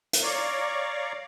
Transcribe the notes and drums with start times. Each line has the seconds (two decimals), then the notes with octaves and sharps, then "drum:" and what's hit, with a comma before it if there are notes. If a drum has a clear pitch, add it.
0.13 drum: hi-hat
0.22 C#5 D5 F5 A#5 C#6 D6